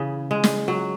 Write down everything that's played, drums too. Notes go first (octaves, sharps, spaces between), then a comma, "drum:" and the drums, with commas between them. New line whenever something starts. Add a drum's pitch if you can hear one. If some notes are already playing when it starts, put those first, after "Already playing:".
Already playing: C#3 E3 G#4
G#3
drum: snare
F#3